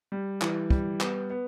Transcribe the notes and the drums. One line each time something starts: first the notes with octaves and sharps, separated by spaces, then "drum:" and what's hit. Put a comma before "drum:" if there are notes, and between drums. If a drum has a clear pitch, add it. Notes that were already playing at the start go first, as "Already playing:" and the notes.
G3
E3, drum: clap
G3, drum: kick
B3, drum: clap
B3